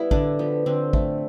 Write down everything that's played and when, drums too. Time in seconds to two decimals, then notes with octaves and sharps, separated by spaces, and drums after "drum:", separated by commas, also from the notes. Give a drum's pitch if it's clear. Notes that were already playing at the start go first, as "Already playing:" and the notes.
Already playing: G3 B3 E4
0.11 D3 D4, drum: kick
0.39 F3 B3
0.66 D3 C4
0.93 A3, drum: kick